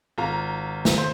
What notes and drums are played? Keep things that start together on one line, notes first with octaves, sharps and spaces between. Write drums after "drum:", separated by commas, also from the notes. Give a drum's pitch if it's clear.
G#1 F4 A#5
drum: snare
C5